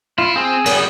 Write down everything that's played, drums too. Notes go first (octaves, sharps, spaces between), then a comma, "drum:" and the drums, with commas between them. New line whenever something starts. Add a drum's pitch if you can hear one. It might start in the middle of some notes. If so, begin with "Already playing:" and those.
E4 F4
C4 G#4
G3 B3, drum: cymbal